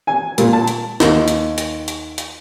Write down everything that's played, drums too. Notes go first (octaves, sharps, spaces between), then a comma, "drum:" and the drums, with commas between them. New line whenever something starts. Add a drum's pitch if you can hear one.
G#5
A#2, drum: hi-hat
A5
drum: hi-hat
D#2, drum: snare
drum: hi-hat
drum: hi-hat
drum: hi-hat
drum: hi-hat